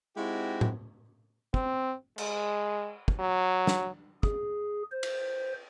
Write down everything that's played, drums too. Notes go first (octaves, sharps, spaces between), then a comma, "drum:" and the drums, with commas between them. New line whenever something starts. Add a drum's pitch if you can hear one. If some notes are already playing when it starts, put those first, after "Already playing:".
G#3 C4 D#4 E4 F#4 G4
drum: tom A2
C4, drum: kick
G#3, drum: cymbal
drum: kick
F#3
drum: snare
G#4, drum: kick
C5
drum: cymbal